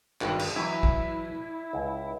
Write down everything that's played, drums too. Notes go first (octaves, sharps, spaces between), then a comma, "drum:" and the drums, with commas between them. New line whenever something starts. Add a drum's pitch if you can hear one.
G#1 G2, drum: clap
drum: cymbal
E3 F#3 E4
drum: kick
C#2